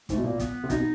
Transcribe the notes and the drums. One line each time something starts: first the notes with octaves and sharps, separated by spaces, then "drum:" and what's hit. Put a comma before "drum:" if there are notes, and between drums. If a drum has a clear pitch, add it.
G#2 A3, drum: kick, hi-hat
B2
A#2 A#3
B3, drum: kick, hi-hat
C3
B2 D#4, drum: kick, hi-hat